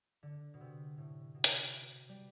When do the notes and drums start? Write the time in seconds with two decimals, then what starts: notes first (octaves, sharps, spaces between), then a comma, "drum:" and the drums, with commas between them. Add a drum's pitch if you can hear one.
0.23 D3
0.54 B2
0.61 C3
0.98 A2
1.35 B2
1.44 drum: hi-hat
2.09 G3